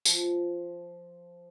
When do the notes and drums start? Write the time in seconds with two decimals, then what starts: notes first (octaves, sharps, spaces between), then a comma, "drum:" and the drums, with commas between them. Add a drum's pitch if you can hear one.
0.05 F3, drum: tambourine